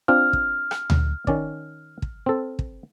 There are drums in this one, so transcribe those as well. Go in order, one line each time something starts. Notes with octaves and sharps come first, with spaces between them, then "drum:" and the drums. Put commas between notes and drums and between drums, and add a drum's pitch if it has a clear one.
C4 D4 F4 F6
drum: kick
drum: rim click
drum: tom D2
D#3 C#4 D5, drum: kick
drum: kick
C4 A4
drum: kick